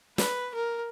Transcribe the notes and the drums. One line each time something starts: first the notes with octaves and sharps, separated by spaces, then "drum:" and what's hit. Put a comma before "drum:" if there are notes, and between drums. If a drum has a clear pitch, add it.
B4, drum: snare
A#4